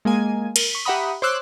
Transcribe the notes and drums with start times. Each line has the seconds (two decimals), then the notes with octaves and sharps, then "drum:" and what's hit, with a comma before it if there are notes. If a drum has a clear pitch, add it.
0.05 G#3 A#3 G#5
0.56 A#4, drum: cymbal
0.71 C#6 B6
0.85 G4 E5 F#5 A#5 B5 D#6
1.22 C5 C#5 C6 D6 E6 F#6